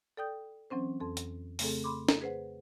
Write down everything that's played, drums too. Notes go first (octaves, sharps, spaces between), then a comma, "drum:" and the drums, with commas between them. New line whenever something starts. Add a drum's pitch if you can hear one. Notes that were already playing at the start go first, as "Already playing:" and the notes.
A4 D5 G5 D#6 G6
E3 F#3 C4 C#4 C5
F2 A4 C6
drum: hi-hat
C#3 A3 C4 G#4 A4, drum: open hi-hat
B5 C6 D6
drum: snare
G#4 B4 C5 F#5